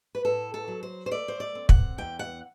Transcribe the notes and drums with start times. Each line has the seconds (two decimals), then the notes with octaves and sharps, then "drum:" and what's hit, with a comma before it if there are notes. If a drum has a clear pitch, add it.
0.15 B4
0.25 A2 A4
0.54 A4
0.68 F#3
0.83 C5
1.06 C5
1.11 A3 D5
1.28 C5
1.40 D5
1.55 C4
1.69 F#5, drum: kick
1.98 E2 G5
2.19 F#5